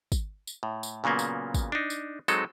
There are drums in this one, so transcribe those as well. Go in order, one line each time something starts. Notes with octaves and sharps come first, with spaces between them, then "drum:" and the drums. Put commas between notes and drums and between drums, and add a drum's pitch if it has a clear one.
drum: kick, tambourine
drum: tambourine
A2
drum: tambourine
A#2 C#3 F#3 A#3 B3
drum: tambourine
drum: kick, tambourine
D4 D#4
drum: tambourine
F#3 G#3 C4 D#4 A4, drum: tambourine